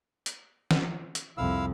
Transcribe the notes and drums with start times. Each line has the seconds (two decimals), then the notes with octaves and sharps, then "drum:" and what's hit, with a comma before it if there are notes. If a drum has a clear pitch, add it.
0.26 drum: hi-hat
0.71 drum: snare
1.15 drum: hi-hat
1.37 C2 F2 E4 F5 E6